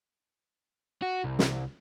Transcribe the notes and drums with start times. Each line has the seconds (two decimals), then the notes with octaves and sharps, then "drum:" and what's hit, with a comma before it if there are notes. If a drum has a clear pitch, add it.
1.02 F#4
1.24 C2
1.39 drum: snare